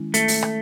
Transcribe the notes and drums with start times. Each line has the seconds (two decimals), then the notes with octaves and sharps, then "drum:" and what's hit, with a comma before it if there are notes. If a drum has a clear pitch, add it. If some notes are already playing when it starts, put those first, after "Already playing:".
Already playing: D#3 G#3 C#4 E4
0.14 A3, drum: hi-hat
0.28 drum: open hi-hat
0.43 drum: rim click